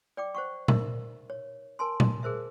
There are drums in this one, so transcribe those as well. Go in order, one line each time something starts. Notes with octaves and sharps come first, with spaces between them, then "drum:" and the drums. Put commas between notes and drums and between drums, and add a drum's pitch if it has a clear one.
D5 G5 D6
C5 F#5 C#6
D#4 A#4 E5, drum: tom A#2
C#5
A#4 G#5 A5 C6
drum: tom A#2
G#4 A#4 C5 E5